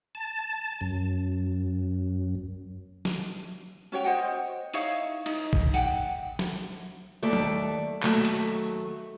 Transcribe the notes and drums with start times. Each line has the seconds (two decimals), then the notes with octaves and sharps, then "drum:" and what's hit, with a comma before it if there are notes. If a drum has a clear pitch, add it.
0.15 A5
0.81 F#2
3.05 drum: snare
3.92 C#4 F#4 C#5 G5
4.04 C5 D#5 F#5 G5
4.74 D#4 E4 C#5 F5, drum: hi-hat
5.26 D#4, drum: cymbal
5.53 drum: kick
5.74 F#5 G5, drum: hi-hat
6.39 drum: snare
7.22 D#2 A3 A4 D5
7.33 drum: tom F#3
8.03 D#2 F#3 A3, drum: clap
8.25 drum: hi-hat